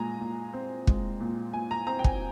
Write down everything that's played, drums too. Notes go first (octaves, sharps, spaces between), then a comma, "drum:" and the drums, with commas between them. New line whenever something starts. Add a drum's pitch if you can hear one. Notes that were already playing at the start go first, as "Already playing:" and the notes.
Already playing: A#2 G#3 G#5 A#5
A#2
C4
G#3, drum: kick
A#2
A#2 G#5
A#5
C4 A#5
G5
G#5, drum: kick